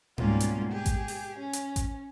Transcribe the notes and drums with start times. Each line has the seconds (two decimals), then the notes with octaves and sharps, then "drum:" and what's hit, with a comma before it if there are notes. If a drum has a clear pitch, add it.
0.18 G#2 B2 G3 A#3 C#4 F4, drum: tom G#2
0.40 drum: hi-hat
0.71 G4 G#4
0.86 drum: kick A1, hi-hat
1.08 drum: open hi-hat
1.38 C#4
1.53 drum: hi-hat
1.76 drum: kick A1, hi-hat